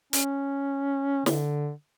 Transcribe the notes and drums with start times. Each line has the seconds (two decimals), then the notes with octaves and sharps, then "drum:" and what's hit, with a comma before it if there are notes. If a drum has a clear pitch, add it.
0.13 C#4, drum: hi-hat
1.26 D3, drum: snare